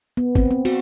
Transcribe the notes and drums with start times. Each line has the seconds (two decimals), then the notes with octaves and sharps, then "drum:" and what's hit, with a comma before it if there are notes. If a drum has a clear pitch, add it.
0.17 B3
0.35 C4, drum: kick
0.51 C4
0.65 F#4, drum: cymbal